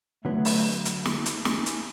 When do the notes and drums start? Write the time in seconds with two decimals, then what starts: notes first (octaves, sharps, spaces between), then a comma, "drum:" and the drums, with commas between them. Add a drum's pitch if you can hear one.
0.24 D3 F#3 A3 B3
0.45 drum: open hi-hat
0.85 drum: hi-hat
1.05 drum: snare
1.26 drum: hi-hat
1.45 C#4, drum: snare
1.66 drum: hi-hat